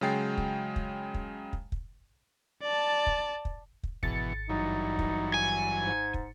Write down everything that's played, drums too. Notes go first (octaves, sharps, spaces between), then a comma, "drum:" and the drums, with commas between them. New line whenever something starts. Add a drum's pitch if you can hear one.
C#3 F#3 G#3 G5 A6 C7
drum: kick
drum: kick
drum: kick
drum: kick
drum: kick
D5 A5
drum: kick
drum: kick
drum: kick
G#1 B2 E3 A6 C#7, drum: kick
G2 E3 F#3 D#4
drum: kick
G#5
G#2
drum: kick